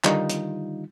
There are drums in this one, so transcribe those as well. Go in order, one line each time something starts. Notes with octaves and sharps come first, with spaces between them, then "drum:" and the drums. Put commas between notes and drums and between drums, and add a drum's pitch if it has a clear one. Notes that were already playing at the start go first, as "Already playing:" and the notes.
D3 D#3 G3 D#4 F4, drum: clap
drum: hi-hat